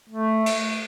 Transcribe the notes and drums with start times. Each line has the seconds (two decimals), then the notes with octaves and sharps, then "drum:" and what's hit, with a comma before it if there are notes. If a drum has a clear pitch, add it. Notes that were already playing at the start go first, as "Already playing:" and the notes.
0.10 A3
0.46 drum: cymbal